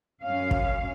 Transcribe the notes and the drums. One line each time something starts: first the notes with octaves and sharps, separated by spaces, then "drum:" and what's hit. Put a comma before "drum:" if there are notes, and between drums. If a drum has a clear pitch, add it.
F#2 C#4 F5
drum: kick